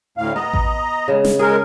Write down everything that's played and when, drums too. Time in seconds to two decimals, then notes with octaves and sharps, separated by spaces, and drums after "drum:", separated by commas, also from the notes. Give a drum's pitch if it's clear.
0.18 D2 A2 F5
0.36 B3 D#5 A#5
0.53 drum: kick A1
1.08 C#3 G#3
1.25 drum: snare
1.39 G#3 G#4 A#4